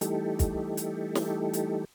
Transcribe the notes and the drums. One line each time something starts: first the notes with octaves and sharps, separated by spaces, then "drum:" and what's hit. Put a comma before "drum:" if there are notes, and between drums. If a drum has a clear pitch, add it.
E3 G3 A3 D#4 G4 A4, drum: hi-hat
drum: kick, hi-hat
drum: hi-hat
drum: snare
drum: hi-hat